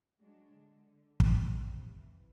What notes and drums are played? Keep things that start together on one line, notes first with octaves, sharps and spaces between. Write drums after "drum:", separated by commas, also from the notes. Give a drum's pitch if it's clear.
F#3 G#3 D4
D3
drum: kick
F2 C3
E3